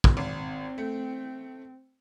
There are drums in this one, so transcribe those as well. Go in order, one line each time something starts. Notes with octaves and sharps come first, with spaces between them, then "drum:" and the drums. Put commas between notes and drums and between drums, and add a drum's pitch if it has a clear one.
drum: kick
G#1 C4
A3